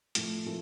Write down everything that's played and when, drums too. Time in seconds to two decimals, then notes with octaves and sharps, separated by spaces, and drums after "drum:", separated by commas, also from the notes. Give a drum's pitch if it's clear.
0.15 A2 F3 A3, drum: hi-hat
0.45 A2 F3 A3